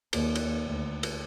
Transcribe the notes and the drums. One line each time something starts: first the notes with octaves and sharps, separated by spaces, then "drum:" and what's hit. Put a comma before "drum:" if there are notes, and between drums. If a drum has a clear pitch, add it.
D#2, drum: cymbal
drum: cymbal
D2
drum: cymbal